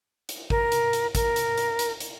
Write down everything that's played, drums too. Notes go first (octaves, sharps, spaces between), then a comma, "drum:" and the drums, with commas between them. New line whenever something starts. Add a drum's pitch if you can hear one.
drum: hi-hat
A#4, drum: kick
drum: hi-hat
drum: hi-hat
A#4, drum: kick, hi-hat
drum: hi-hat
drum: hi-hat
drum: hi-hat
drum: hi-hat